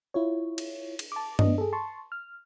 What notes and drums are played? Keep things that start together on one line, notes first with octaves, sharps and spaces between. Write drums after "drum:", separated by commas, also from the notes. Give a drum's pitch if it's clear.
E4 F4 C#5
drum: cymbal
drum: cymbal
A5 D6
B3 D4 D#5, drum: tom G2
G#4 A4
A5 C6 C#6
F6